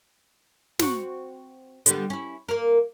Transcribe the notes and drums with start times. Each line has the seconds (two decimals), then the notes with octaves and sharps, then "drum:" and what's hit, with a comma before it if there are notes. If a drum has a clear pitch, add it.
0.79 C4 F#4, drum: snare
1.86 D3 G3 B3, drum: hi-hat
2.10 C#4 E4
2.48 A#3 A#4